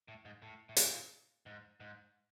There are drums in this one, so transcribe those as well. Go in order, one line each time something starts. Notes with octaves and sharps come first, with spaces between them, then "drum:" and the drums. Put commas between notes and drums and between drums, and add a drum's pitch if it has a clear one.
A2
G#2
A2
A2
A#2, drum: hi-hat
G#2
G#2